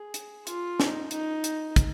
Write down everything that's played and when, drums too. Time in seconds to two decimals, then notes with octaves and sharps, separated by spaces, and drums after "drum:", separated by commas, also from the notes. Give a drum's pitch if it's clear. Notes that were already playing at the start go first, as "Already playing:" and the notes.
Already playing: G#4
0.14 drum: hi-hat
0.47 F4, drum: hi-hat
0.80 D#4, drum: snare
1.11 D#4, drum: hi-hat
1.44 drum: hi-hat
1.76 drum: kick, hi-hat